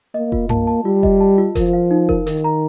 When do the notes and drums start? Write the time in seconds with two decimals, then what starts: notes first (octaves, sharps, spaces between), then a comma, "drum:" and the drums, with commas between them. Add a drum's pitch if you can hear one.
0.14 A#3 D#5
0.32 F4, drum: kick F1
0.49 A#3 A5, drum: tom G2
0.67 A5
0.85 G3 F4
1.03 D#5, drum: kick F1
1.20 A5
1.38 F4
1.55 F3 A#4, drum: kick F1, open hi-hat
1.73 F5
1.91 D#4
2.09 A#4, drum: kick F1
2.27 D#3 A#4, drum: open hi-hat
2.44 A#5